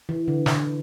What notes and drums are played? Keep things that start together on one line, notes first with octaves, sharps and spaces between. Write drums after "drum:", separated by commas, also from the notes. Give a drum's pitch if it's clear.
E3
D3
D3, drum: snare